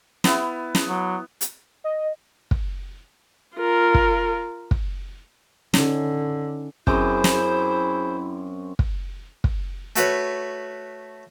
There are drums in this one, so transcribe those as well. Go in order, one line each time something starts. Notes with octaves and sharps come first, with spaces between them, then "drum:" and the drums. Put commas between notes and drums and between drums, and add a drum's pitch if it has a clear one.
B3 E4, drum: snare
drum: snare
F#3
drum: hi-hat
D#5
drum: kick
F4 A#4
drum: kick
drum: kick
D3 C#4 D#4, drum: snare
F#2 C4 E4 G#4 C5 G#5 D6 G6, drum: kick
drum: snare
drum: kick
drum: kick
A3 F#4 B4 C#5, drum: hi-hat